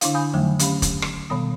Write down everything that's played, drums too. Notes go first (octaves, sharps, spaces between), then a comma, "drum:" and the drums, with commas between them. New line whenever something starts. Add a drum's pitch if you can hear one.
D3 D4 E4 F5, drum: hi-hat
F5 G#5 B5 D#6 G6
F2 D3 D#3 F3 F#3 A3
C#4 G4 F5 B5, drum: hi-hat
drum: kick, hi-hat
drum: rim click
B2 D#3 G3 B3 D#6